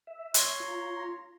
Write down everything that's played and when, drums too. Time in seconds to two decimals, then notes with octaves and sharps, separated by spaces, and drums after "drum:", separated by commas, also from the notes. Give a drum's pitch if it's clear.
0.07 E5
0.34 C#5 E5 A#5 C6, drum: hi-hat
0.60 F4 A#5